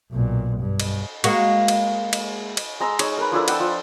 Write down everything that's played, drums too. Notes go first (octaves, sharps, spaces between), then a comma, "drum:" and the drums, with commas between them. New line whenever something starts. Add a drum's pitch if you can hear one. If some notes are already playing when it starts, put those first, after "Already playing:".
B1 A#2
G2
drum: cymbal
G#3 A#3 F#4, drum: cymbal
drum: cymbal
drum: cymbal
drum: cymbal
G#3 A#5 E6
D#4 G#4 C#5, drum: cymbal
A#4 B4
F3 D4 E4 A4
F#5 G5 E6, drum: cymbal
F3